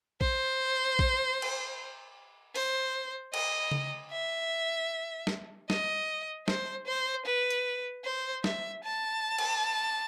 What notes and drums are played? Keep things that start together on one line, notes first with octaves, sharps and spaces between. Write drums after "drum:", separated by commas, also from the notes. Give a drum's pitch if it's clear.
C5, drum: kick
drum: kick
drum: cymbal
C5, drum: open hi-hat
D#5, drum: cymbal
drum: tom C#3
E5
drum: snare
D#5, drum: snare
C5, drum: snare
C5
B4
drum: hi-hat
C5
E5, drum: snare
A5
drum: cymbal